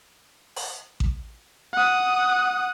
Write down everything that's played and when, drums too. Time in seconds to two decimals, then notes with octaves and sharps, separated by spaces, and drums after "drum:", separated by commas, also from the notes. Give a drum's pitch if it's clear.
0.56 drum: open hi-hat
1.00 drum: kick A1
1.73 F#5 D#6